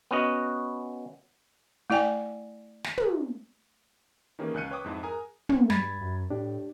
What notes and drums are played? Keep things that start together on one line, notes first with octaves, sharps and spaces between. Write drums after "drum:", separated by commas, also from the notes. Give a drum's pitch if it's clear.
B3 C#4 F#4 D#5
A3 E4 D5 G5 G#5
drum: snare
drum: tom
D#3 E3 A#3 C#4 G4 G#4
C#2 C#4 F#6 G6 C#7 D#7
B4 C#5 G5 D6 D#6
F2 G#2 E4 A5
G#4 A#4 G#5 A#5 D#6
drum: tom
G2 B5 G#6 A6, drum: snare
F#2
A2 D4 G4